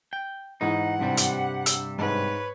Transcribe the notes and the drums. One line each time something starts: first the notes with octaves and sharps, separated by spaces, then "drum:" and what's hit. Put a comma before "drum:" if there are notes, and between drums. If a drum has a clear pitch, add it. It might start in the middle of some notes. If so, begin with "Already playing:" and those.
G5
G#2 E3 D#4 F#5 D#6
G2 C3 G3
drum: hi-hat
E6, drum: hi-hat
G#2 B4 C#5